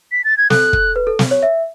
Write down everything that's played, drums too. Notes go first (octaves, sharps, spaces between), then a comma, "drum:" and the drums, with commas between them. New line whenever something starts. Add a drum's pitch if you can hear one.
B6
A6
G#6
A4 F#6, drum: snare
drum: kick
B4
A4
drum: snare
C#5
E5